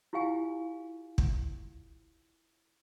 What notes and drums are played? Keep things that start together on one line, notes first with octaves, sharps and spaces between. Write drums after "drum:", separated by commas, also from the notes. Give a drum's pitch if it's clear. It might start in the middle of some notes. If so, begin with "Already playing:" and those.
E4 F4 G4 F5 G#5
drum: kick